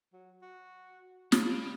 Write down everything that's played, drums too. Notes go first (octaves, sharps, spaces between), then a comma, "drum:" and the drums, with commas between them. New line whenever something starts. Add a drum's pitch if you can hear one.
F#3
F#4
G3 F4 B5, drum: snare